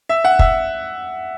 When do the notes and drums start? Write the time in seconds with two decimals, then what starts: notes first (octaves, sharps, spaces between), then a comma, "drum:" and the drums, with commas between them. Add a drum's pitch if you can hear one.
0.09 E5
0.24 F#5
0.39 E5, drum: kick